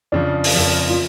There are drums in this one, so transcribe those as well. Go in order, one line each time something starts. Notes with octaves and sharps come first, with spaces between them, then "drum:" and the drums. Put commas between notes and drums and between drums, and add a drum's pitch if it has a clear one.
F2 C#3 F3 D4
drum: open hi-hat
F2 C#3 F3
F4